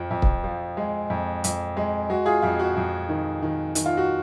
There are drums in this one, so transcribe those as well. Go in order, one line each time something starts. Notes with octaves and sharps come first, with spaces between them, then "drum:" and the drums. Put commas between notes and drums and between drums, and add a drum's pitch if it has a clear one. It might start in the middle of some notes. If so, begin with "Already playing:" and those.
Already playing: F2 F3 F4
F2
drum: kick
F3
G#3
F2
F2, drum: hi-hat
G#3
G#3 F#4
F4 G#4
F2 F4
F#4
F2
D#3
D#3
D#3, drum: hi-hat
F4
F#4